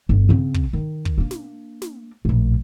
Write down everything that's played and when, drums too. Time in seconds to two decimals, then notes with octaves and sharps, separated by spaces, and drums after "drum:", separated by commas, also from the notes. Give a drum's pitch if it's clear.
0.09 G1
0.29 C#3 C4
0.54 drum: kick
0.73 D#3
1.05 drum: kick
1.18 A#3 D4
1.31 drum: snare
1.82 drum: snare
2.25 A#1 A2